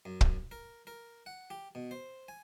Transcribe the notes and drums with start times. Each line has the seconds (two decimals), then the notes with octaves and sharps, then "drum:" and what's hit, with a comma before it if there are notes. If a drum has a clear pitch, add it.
0.05 F#2
0.21 drum: kick
0.51 A#4
0.87 A#4
1.26 F#5
1.50 G4
1.75 B2
1.91 C5
2.28 G#5